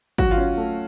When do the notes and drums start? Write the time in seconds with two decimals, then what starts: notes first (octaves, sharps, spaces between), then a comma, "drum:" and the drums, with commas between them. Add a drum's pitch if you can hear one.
0.18 F#3 F#4, drum: kick
0.31 F4
0.38 C#4
0.57 A3